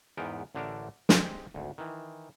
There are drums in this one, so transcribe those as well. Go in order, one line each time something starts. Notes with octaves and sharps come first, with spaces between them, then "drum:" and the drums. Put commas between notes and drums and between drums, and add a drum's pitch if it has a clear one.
E2 G#2 B3 A#4 F#5 G5
A1 D3 A3 D4 A#4
G#3 C4 G4 G#4, drum: snare
G#1 D2
D#3 E3